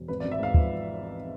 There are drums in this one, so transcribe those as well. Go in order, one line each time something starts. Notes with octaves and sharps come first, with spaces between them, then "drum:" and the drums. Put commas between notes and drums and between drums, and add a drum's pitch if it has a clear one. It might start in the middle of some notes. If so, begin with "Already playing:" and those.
Already playing: E1
G#1 B4
D5
G#1
E5
G#2 F5
F3, drum: kick